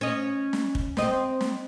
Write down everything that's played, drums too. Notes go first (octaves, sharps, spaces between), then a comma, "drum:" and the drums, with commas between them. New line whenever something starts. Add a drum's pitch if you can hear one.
C#4 D#5
drum: snare
drum: kick
C4 D#5, drum: snare
drum: snare